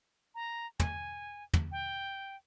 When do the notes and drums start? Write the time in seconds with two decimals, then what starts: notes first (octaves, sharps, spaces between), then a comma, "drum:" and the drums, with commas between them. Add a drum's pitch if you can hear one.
0.35 A#5
0.80 G#5, drum: tom
1.53 drum: tom
1.72 G5